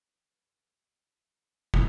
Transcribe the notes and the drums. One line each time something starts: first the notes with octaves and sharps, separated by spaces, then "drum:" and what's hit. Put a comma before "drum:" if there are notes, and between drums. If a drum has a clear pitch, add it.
F3 B4
F#2 B4
G#3
G#3
G#2
drum: kick